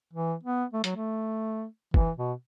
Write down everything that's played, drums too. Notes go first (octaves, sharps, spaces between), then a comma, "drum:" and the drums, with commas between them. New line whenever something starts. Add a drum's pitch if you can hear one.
E3
B3
A3
F#3, drum: hi-hat
A3
E3, drum: kick F#1
B2